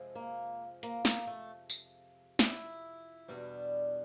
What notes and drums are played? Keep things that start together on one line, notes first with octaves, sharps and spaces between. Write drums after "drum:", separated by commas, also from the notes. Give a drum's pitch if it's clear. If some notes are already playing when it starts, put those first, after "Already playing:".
Already playing: F2 C3 F3 G#3
A#3
A#3, drum: hi-hat
A#3, drum: snare
A3
drum: tambourine
E4, drum: snare
E2 B2 G3 D4